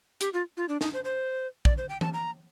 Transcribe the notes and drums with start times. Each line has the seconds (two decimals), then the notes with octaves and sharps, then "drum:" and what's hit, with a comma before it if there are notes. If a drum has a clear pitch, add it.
0.21 G4, drum: hi-hat
0.33 F4
0.57 F4
0.69 D4
0.81 D#4, drum: snare
0.94 C5
1.04 C5
1.65 D5, drum: kick
1.78 C5
1.89 G5
2.01 A5, drum: tom E3
2.14 A#5